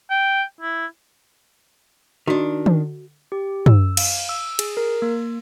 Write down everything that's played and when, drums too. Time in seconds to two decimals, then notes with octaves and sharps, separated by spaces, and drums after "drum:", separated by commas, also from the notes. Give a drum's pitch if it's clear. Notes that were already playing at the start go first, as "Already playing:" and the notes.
0.11 G5
0.61 E4
2.27 D#3 D4 F#4 D#5
2.66 drum: tom
3.32 G4
3.66 E6, drum: tom
3.97 F5, drum: cymbal
4.29 E6
4.59 G#4, drum: cymbal
4.77 A#4
5.02 A#3